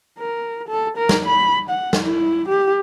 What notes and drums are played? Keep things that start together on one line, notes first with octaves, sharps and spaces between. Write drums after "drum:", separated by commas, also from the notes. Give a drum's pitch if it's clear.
A#4
A4
A#4
drum: snare
B5
F#5
drum: snare
E4
G4